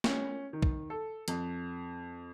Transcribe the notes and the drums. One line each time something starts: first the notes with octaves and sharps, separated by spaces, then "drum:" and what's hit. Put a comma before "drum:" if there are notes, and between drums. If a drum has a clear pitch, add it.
C#4, drum: snare
D#3
drum: kick
A4
F2, drum: hi-hat